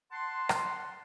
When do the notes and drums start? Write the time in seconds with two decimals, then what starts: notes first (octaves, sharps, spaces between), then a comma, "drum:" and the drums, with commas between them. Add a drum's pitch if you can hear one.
0.12 F#5 A5 C6
0.49 drum: rim click